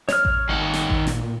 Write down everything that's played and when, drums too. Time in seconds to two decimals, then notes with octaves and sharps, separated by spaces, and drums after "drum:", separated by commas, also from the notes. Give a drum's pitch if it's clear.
0.09 C#5 F6, drum: snare
0.25 drum: kick A1
0.49 G#1 D#3 F#5
0.74 drum: snare
0.90 drum: kick A1
1.07 A#2, drum: snare